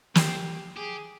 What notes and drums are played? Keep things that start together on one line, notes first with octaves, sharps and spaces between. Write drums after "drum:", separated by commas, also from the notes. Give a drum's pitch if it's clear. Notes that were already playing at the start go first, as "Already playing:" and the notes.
C4 G4, drum: snare
G4 G#4